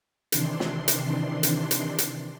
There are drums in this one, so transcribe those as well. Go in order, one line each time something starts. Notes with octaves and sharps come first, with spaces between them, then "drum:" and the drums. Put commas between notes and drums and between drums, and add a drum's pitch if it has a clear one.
C3 D#3 E3 D4 C6, drum: hi-hat
drum: snare
drum: hi-hat
drum: hi-hat
drum: hi-hat
drum: hi-hat